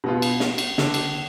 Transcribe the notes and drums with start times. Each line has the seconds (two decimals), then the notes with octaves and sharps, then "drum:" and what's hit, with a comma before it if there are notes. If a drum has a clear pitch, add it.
0.04 B2 B3 F4
0.22 drum: cymbal
0.40 drum: snare
0.58 drum: cymbal
0.78 D3, drum: snare
0.94 drum: cymbal